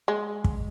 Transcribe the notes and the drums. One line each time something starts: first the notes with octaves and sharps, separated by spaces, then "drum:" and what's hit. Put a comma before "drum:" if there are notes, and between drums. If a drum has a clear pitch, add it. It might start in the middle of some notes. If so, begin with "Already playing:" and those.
G#3
drum: kick